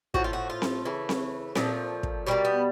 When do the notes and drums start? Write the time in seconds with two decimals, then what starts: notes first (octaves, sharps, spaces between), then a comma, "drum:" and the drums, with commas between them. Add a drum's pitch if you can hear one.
0.14 A2 F3 A3 F#4, drum: kick
0.24 F4
0.33 F#4
0.50 F4
0.62 drum: snare C4
0.85 C#3 E3 A3
1.09 drum: snare C4
1.55 A#2 F3 A3, drum: snare C4
2.03 drum: kick
2.27 B2 G3 A#3 C#4
2.45 B3